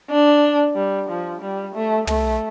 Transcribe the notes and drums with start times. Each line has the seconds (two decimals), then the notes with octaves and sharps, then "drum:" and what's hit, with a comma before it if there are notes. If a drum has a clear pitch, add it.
0.11 D4
0.75 G3
1.10 F3
1.41 G3
1.75 A3
2.07 A3, drum: tom